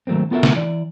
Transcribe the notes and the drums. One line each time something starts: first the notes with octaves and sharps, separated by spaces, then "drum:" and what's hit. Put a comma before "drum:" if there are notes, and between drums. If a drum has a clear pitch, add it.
D#3 F#3 A3 A#3 C4
B3 F4 F#4 A4 A#4 E5
drum: snare
E3 D5